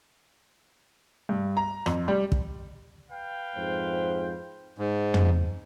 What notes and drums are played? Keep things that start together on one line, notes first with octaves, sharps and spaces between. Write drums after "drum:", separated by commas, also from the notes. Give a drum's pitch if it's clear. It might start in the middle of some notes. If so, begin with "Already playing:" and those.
G2
A#5
F2, drum: rim click
G3
drum: kick
B4 F5 G5
F2 G#2 C5
G#2
drum: tom